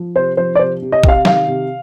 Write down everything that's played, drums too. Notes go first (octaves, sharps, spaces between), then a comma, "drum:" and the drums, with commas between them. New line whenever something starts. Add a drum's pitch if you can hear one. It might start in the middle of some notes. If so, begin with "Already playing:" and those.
Already playing: F3
C3 C5
F3 C5
D5
C3 C5
C3
D#5
C3 F5, drum: kick
D#3 F5, drum: snare
C3